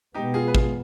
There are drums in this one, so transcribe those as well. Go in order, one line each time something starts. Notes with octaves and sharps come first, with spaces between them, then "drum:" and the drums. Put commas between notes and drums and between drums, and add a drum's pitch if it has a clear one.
B2 G#3 B3 D#4 G4
F4 G#4
B4
F4 G#4, drum: kick